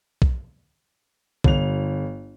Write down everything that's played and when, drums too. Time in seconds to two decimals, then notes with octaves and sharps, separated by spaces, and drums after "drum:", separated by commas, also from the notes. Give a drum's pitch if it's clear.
0.22 drum: kick B1
1.44 G1 F7, drum: kick B1